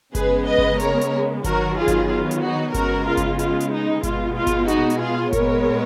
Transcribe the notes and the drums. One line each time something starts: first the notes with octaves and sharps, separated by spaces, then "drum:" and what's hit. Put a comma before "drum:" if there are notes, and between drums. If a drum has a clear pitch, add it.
C#3 G#3 B3 G#4 B4, drum: kick G1, hi-hat
B4 D#5
drum: kick G1
A#4 C#5, drum: hi-hat
drum: hi-hat
D#3 F#3 B3 F#4 A#4, drum: kick G1, hi-hat
F4 G#4
drum: kick G1, hi-hat
F4
drum: hi-hat
D#4 F#4
C#3 G#3 B3 F#4 A#4, drum: kick G1, hi-hat
F4
drum: kick G1, hi-hat
F4, drum: hi-hat
drum: hi-hat
D#4
B2 G#3 B3 F4, drum: kick G1, hi-hat
F4
drum: kick G1, hi-hat
D#4 F#4, drum: hi-hat
drum: hi-hat
F4 G#4
A#2 G#3 B3 A#4 C#5, drum: kick G1, hi-hat